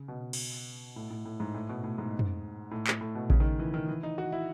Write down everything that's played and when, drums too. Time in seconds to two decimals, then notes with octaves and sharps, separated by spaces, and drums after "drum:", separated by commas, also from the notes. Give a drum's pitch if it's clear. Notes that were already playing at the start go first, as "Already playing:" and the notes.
Already playing: C#3
0.08 B2
0.33 drum: cymbal
0.96 A2
1.10 A2
1.25 A2
1.40 G#2
1.54 A2
1.69 B2
1.84 A2
1.98 G#2
2.19 drum: tom
2.71 A2
2.87 drum: clap
3.01 A2
3.15 B2
3.30 C#3, drum: kick A1
3.40 D#3
3.59 E3
3.74 D#3
3.89 E3
4.03 D#4
4.18 F#4
4.32 E4